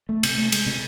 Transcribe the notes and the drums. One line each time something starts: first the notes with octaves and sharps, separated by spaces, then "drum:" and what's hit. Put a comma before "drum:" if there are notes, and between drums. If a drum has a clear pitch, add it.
A3
C3, drum: cymbal
A3
G#3, drum: cymbal
C3